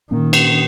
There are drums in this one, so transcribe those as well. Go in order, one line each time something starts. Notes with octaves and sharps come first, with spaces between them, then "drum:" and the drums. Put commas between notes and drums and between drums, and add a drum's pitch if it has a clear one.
A#2 D#3 A#3 C#4
drum: cymbal